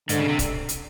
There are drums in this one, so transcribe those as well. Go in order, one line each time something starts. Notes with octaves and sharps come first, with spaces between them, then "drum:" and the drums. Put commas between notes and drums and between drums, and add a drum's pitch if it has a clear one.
G#2 D3, drum: hi-hat
C#3
C3
drum: kick, hi-hat
drum: hi-hat